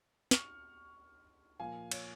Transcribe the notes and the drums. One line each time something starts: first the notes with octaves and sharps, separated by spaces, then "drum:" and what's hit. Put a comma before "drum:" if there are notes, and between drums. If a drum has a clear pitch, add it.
C#6 F6, drum: snare
A#2 F3 A#3 F5 G#5
C#5, drum: cymbal